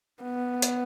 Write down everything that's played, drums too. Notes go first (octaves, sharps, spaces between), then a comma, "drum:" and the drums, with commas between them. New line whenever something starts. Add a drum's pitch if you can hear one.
B3
drum: hi-hat